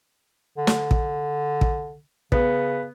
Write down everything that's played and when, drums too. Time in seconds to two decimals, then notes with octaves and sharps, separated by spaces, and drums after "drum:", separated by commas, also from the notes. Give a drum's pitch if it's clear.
0.58 D3
0.67 drum: snare
0.91 drum: kick
1.61 drum: kick
2.32 C#3 B3, drum: kick